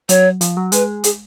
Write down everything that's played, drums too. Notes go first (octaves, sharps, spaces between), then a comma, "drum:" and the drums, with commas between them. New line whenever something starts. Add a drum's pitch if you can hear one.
F#3 C#5, drum: hi-hat
F3, drum: hi-hat
F#3
G#3 B4, drum: hi-hat
G#4, drum: hi-hat